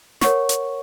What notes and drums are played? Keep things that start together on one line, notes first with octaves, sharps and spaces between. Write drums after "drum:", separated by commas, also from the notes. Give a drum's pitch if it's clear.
A#4 C#5 F#5 C#6, drum: snare
drum: hi-hat